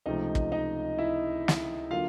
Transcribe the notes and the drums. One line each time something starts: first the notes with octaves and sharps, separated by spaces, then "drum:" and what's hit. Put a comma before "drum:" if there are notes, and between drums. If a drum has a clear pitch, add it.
C#2 C3 F3 A3 D#4 D#5
drum: kick
D#4 D#5
E4 E5
drum: snare
D3 F#3 A#3 F4 F5